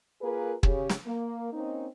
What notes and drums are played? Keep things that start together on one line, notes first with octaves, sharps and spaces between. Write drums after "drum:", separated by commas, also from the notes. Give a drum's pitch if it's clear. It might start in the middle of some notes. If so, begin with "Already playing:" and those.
A#3 F4 G#4 A#4 B4
C#3 C#4 G4, drum: kick
drum: snare
A#3
A#3 C4 C#4 D#4